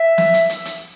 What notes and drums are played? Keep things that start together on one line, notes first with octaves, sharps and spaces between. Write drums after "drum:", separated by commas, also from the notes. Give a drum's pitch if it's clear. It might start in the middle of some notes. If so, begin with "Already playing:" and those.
Already playing: E5
drum: snare
drum: hi-hat
drum: hi-hat
drum: hi-hat